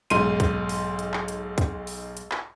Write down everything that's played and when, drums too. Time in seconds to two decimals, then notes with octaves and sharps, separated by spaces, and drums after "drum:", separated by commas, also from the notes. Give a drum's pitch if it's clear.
0.10 B1 G#2 C6 D#7, drum: hi-hat
0.40 drum: kick, hi-hat
0.69 drum: open hi-hat
0.99 drum: hi-hat
1.14 drum: clap
1.28 drum: hi-hat
1.58 drum: kick, hi-hat
1.87 drum: open hi-hat
2.17 drum: hi-hat
2.31 drum: clap